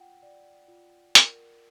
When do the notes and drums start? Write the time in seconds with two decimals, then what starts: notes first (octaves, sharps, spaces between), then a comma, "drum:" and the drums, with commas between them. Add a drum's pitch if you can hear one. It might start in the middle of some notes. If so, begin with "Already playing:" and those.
Already playing: F4 F#5 G5
0.22 D5
0.68 F4
1.15 A#4, drum: hi-hat